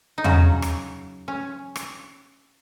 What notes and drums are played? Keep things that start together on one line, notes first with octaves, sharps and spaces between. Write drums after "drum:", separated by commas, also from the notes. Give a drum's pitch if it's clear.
D#4
C#3 F#3 C#4 F#4, drum: tom E2
drum: rim click
C#4
drum: rim click